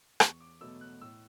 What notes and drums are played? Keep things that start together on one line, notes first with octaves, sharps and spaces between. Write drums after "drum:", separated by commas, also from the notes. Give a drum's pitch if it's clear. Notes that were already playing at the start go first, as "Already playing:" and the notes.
E2 C#6, drum: rim click
D6
B2 F#3 A3 E6
F#6
A2 E6